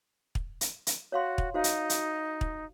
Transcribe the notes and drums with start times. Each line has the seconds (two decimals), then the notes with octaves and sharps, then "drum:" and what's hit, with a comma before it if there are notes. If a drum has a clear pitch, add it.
0.35 drum: kick
0.61 drum: hi-hat
0.87 drum: hi-hat
1.12 F#4 C#5 F5 C6
1.38 drum: kick
1.54 D#4 F#4 C5 F5
1.64 drum: hi-hat
1.90 drum: hi-hat
2.41 drum: kick